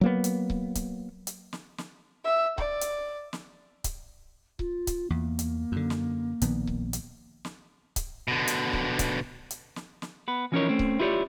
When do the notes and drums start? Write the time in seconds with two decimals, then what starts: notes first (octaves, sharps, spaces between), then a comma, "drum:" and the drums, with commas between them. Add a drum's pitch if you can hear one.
0.01 F#3 A#3 B3
0.24 drum: hi-hat
0.50 drum: kick C#1
0.75 drum: kick C#1, hi-hat
1.27 drum: hi-hat
1.53 drum: snare
1.78 drum: snare
2.24 E5
2.58 D5, drum: kick C#1
2.81 drum: hi-hat
3.33 drum: snare
3.84 drum: kick C#1, hi-hat
4.59 F4, drum: kick C#1
4.87 drum: kick C#1, hi-hat
5.10 E2 A#3
5.39 drum: hi-hat
5.72 F#2 D3
5.90 drum: snare
6.42 A#1 D#3 B3, drum: hi-hat
6.67 drum: kick C#1
6.93 drum: hi-hat
7.45 drum: snare
7.96 drum: kick C#1, hi-hat
8.28 B2 D3
8.48 drum: hi-hat
8.73 drum: kick C#1
8.99 drum: kick C#1, hi-hat
9.50 drum: hi-hat
9.76 drum: snare
10.02 drum: snare
10.28 B3 B4
10.52 E3 F3 C#4 D#4 A#4 C#5
10.68 A3 C4 C#4
10.79 drum: kick C#1
10.99 E4 F4 G4 B4 C#5 D5